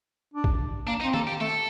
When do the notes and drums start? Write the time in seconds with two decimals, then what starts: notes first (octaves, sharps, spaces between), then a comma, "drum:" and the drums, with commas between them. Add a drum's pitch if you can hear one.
0.34 D4
0.44 drum: kick A1
0.87 A#3 D4
1.01 D#4
1.04 C4
1.14 A#3 A4, drum: tom D#3
1.27 G4
1.40 A3 A4